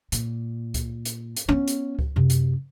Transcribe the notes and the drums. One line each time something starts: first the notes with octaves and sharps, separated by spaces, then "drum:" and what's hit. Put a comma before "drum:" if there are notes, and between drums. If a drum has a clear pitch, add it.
A#2, drum: hi-hat
drum: kick C#2, hi-hat
drum: hi-hat
drum: hi-hat
B3 C#4
drum: hi-hat
drum: kick C#2
F#2 C3
drum: hi-hat